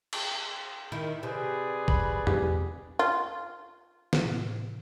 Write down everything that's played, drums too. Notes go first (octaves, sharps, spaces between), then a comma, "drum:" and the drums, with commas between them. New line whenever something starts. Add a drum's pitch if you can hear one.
drum: cymbal
D#3 E4
C3 G#4 B4 D5
B5, drum: kick
G4, drum: tom E2
F4
drum: snare
A2 C3 E3